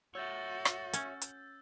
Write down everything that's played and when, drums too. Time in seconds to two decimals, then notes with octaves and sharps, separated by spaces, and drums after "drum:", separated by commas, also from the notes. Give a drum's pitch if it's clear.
0.15 F#4 C#5 E5 E6 G6 A6
0.65 drum: rim click
0.93 C#4, drum: hi-hat
1.22 drum: hi-hat